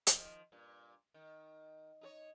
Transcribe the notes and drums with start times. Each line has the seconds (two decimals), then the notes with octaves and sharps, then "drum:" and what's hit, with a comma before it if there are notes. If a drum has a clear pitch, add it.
0.07 D#3 F3, drum: hi-hat
0.52 G2 A#2
1.14 D#3
2.01 D#4 G#4 C#5